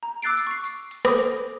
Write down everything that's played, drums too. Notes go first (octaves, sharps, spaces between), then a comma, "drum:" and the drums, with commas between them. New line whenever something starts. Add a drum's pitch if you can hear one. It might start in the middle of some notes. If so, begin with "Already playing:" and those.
A#5
D6 E6 F#6 A6 C7 D7
drum: hi-hat
C#6 C7
drum: hi-hat
drum: hi-hat
A4 C5 D6 D#6, drum: rim click
drum: hi-hat